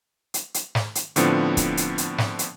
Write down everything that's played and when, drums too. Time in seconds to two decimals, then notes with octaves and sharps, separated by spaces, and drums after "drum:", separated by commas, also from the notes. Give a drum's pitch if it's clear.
0.34 drum: hi-hat
0.54 drum: hi-hat
0.75 drum: snare
0.95 drum: hi-hat
1.16 A2 D3 F3 B3 C4 D4, drum: hi-hat
1.57 drum: kick, hi-hat
1.77 drum: hi-hat
1.98 drum: hi-hat
2.18 drum: snare
2.39 drum: hi-hat